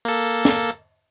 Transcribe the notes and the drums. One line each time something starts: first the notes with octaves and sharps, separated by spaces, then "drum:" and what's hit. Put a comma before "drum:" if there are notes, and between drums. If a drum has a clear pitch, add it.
A#3 A4
drum: snare